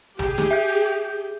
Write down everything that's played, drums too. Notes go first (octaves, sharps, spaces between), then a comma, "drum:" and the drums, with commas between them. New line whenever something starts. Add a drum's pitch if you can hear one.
G4 G#4, drum: tom A#1
drum: snare
E5 G6